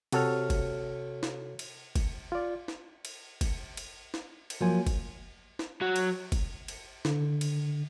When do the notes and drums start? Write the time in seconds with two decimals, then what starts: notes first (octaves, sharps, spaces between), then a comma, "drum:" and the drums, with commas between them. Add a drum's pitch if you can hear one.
0.12 C3 F#4 A4 C#5 F6, drum: cymbal
0.50 drum: kick, cymbal
1.23 drum: snare
1.59 drum: cymbal
1.96 drum: kick, cymbal
2.32 F4 D5
2.68 drum: snare
3.05 drum: cymbal
3.41 drum: kick, cymbal
3.77 drum: cymbal
4.14 drum: snare
4.50 drum: cymbal
4.61 F3 F#3 A#3 G#5
4.87 drum: kick, cymbal
5.59 drum: snare
5.82 F#3
5.96 drum: cymbal
6.32 drum: kick, cymbal
6.68 drum: cymbal
7.05 D3, drum: snare
7.41 drum: cymbal